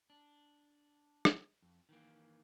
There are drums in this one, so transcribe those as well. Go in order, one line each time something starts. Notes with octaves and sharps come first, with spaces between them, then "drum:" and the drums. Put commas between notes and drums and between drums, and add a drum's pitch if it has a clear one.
D4
drum: rim click
F2
D#3 E3 A#3